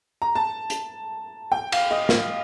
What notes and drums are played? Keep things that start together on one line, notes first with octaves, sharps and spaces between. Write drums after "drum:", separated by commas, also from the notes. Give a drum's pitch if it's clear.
A#5
A5
drum: hi-hat
G5
F5, drum: cymbal
D#5
drum: snare